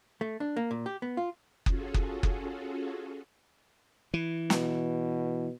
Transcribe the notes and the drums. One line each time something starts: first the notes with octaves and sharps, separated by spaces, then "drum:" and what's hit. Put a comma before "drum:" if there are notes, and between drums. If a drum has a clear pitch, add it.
A3
D4
A#3
A#2
G4
B3
F4
C#4 F4 F#4 G#4 A4, drum: kick F#1
drum: kick F#1
drum: kick F#1
E3
B2, drum: snare